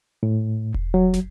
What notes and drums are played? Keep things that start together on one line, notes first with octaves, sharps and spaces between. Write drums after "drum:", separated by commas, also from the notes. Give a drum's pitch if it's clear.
A2
drum: kick E1
F#3
drum: snare